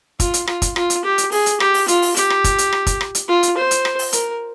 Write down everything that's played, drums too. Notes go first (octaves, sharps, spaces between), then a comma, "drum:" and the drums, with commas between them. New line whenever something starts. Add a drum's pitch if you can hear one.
F4, drum: kick, hi-hat
drum: hi-hat
F4, drum: rim click
drum: kick, hi-hat
F4, drum: rim click
drum: hi-hat
G4
drum: hi-hat
G#4, drum: open hi-hat
drum: hi-hat
G4, drum: rim click
drum: open hi-hat
F4, drum: hi-hat
drum: open hi-hat
G4, drum: hi-hat
drum: rim click
drum: kick, hi-hat
drum: hi-hat
drum: rim click
drum: kick, hi-hat
drum: rim click
drum: hi-hat
F4
drum: hi-hat
C5
drum: hi-hat
drum: rim click
drum: open hi-hat
A#4, drum: hi-hat